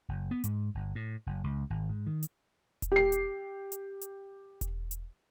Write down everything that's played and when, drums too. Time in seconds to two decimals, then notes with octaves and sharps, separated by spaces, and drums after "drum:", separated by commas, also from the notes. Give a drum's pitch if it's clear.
0.09 F#1
0.31 B3
0.44 G#2, drum: hi-hat
0.75 G1
0.95 A2
1.26 F#1
1.44 C#2
1.70 G#1
1.89 G#2
2.07 D#3
2.23 drum: hi-hat
2.82 drum: kick E1, hi-hat
2.92 G4 C7
3.12 drum: hi-hat
3.72 drum: hi-hat
4.01 drum: hi-hat
4.61 drum: kick E1, hi-hat
4.91 drum: hi-hat